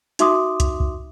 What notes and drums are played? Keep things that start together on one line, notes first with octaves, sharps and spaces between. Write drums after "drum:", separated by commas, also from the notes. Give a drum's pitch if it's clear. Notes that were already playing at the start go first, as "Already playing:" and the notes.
D#4 F#4 E5 C6 D6 D#6, drum: hi-hat
drum: kick, hi-hat
drum: kick